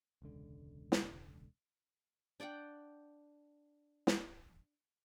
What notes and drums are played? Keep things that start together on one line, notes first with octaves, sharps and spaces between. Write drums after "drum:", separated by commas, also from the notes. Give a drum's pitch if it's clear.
E1 C#2 D3
drum: snare
D4 D5 F#5 G5
drum: snare